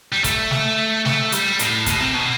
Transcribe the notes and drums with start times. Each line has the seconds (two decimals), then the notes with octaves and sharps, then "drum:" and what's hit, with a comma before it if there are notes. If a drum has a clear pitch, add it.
0.12 G3
0.24 A3, drum: kick, hi-hat
0.51 drum: snare
1.05 A3, drum: snare
1.32 G3, drum: hi-hat
1.59 A2, drum: hi-hat
1.86 B2, drum: kick, hi-hat
2.00 C3
2.14 B2